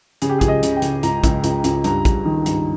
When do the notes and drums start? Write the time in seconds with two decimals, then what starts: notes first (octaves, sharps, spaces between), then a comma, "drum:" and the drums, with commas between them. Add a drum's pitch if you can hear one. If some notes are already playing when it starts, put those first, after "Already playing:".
0.22 C#3 G#4, drum: hi-hat
0.29 G4
0.39 G#4
0.41 C#2, drum: kick, hi-hat
0.48 D#5
0.63 C#3, drum: hi-hat
0.77 G5
0.82 C#3, drum: hi-hat
1.03 C#2 A#5, drum: hi-hat
1.24 C#2, drum: kick, hi-hat
1.44 C#2, drum: hi-hat
1.64 C#2, drum: hi-hat
1.84 G2 A#5, drum: hi-hat
2.05 G2, drum: kick, hi-hat
2.25 D#3
2.46 G2, drum: hi-hat